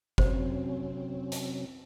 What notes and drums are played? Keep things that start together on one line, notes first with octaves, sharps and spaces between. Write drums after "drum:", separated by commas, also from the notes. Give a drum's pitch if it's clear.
C3 F#3 C4 C#4 C5, drum: kick F#1
drum: hi-hat